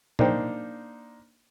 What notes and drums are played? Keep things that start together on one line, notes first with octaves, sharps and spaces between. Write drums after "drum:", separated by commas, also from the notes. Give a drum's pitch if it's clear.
A#3 D4 D#4 C5 G5, drum: tom